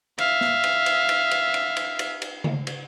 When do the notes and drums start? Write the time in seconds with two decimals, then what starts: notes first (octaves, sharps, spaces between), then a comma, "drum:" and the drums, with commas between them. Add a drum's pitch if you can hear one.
0.18 E5 F5, drum: cymbal
0.41 drum: snare
0.64 drum: cymbal
0.86 drum: cymbal
1.09 drum: cymbal
1.31 drum: cymbal
1.54 drum: cymbal
1.77 drum: cymbal
1.99 drum: cymbal
2.22 drum: cymbal
2.44 drum: tom C#3
2.67 drum: cymbal